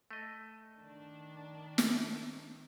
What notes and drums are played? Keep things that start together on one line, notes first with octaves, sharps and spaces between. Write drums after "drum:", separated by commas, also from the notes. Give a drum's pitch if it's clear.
A3 D#5
D#3 D4
drum: snare